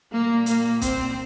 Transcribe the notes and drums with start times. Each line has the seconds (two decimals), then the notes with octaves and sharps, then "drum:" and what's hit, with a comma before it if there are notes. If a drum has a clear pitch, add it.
0.12 A#2 G3 A#3
0.46 A#3, drum: hi-hat
0.81 C4, drum: kick, hi-hat